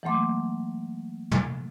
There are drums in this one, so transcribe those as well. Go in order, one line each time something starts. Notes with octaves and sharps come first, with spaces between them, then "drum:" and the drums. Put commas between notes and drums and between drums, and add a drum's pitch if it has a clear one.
E3 F#3 A3 A#3 C6 D6
drum: tom